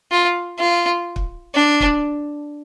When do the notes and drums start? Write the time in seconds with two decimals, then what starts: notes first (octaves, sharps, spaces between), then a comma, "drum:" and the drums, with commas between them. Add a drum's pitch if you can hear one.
0.12 F4
0.59 F4
1.16 drum: kick
1.54 D4
1.80 drum: kick